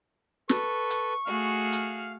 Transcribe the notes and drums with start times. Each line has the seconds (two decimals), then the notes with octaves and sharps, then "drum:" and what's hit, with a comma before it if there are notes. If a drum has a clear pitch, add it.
0.49 A4 B4 C#6, drum: snare
0.90 drum: hi-hat
1.25 A3 F#4 G#4 F5 F6
1.73 drum: hi-hat